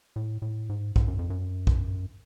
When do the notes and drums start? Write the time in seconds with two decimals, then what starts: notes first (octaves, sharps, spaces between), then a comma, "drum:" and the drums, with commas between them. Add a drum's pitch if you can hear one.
0.16 A2
0.42 A2
0.69 G#2
0.96 G#2, drum: kick
1.08 F#2
1.19 F2
1.30 F#2
1.67 drum: kick